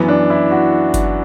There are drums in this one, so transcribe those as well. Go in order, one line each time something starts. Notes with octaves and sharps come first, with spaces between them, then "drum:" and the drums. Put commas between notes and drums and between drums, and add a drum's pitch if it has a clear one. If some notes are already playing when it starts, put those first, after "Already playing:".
Already playing: F#2 E3 B3
D4
E4
F#4
drum: kick G1, hi-hat